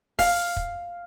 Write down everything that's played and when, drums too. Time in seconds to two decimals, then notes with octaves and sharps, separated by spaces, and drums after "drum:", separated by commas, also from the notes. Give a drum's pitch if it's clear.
0.19 F5, drum: kick, open hi-hat
0.56 drum: kick